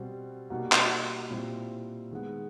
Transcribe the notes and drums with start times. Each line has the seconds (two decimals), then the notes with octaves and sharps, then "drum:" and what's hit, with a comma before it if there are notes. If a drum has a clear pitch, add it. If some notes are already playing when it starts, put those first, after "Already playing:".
Already playing: B2 G3 C4
0.50 B2 G3 A#3 D#4 F#4
0.72 drum: clap
1.30 A#2 G3 C4 E4
2.11 D#3 G#3 B3